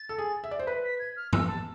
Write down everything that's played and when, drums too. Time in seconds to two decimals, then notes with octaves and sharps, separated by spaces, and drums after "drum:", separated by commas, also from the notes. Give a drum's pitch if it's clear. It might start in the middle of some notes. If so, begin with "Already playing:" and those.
Already playing: A6
0.09 A4
0.18 G#4
0.44 E5
0.51 D5
0.59 C5
0.67 B4 B6
0.83 B6
0.99 G#6
1.16 F6
1.33 E6, drum: tom
1.48 A5